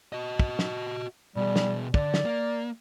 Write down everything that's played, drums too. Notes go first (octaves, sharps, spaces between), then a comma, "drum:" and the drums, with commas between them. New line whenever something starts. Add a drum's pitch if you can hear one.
F#4 D#5
drum: kick
drum: snare
B2 G3 G#4
drum: snare
D3 D5, drum: kick
drum: snare
A#3